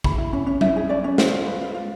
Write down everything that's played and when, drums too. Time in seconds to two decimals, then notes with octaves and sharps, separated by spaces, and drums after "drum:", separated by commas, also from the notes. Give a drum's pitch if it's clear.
0.04 E4 B5, drum: kick
0.18 E4
0.33 C#4
0.47 C#4
0.61 E4 E5, drum: tom F#3
0.76 G#4
0.89 C#4 D5
1.04 C#4
1.18 F4 C5, drum: snare
1.32 F4
1.46 B4
1.61 F4
1.74 F4